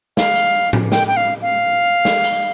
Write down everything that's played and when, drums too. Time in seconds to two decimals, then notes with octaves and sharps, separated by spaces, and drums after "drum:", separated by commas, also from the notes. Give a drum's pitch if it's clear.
0.17 F5, drum: snare
0.35 drum: hi-hat
0.73 drum: tom A2
0.92 G5, drum: snare
1.07 G5
1.17 F5
1.42 F5
2.05 drum: snare
2.24 drum: hi-hat